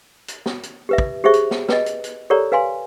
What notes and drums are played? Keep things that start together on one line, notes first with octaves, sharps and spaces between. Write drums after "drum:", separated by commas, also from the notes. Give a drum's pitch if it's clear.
drum: hi-hat
drum: snare
drum: hi-hat
G4 B4 E5
drum: kick
G4 G#4 C5 E5 C#6
drum: hi-hat
drum: snare
B4 D#5, drum: snare
drum: hi-hat
drum: hi-hat
G4 A4 A#4 C#5 D5 A#5
B4 F5 G#5 C6